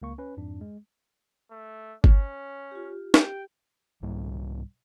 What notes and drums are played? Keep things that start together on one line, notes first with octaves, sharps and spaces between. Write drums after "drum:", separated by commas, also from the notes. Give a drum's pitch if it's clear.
C#2 A#3 C#6
C#4 B4
F2 G#2 D4
G#3
A3
C#4, drum: kick G1
F4 G4
G4 G5, drum: snare
C2 G#2 G3